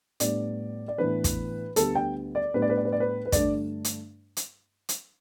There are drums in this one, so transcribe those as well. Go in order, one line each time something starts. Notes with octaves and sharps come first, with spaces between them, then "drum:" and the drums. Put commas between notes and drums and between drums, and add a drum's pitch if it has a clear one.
A2 G3 B3 D4 D5, drum: hi-hat
D5
A2 E3 B3 D4 B4
drum: kick, hi-hat
D2 D3 G3 B3 A4, drum: hi-hat
G5
D5
A2 G3 B3 D4 B4
D5
B4
D5
B4
D5
B4
B4
G2 D3 A3 D4 D5, drum: kick, hi-hat
drum: hi-hat
drum: hi-hat
drum: hi-hat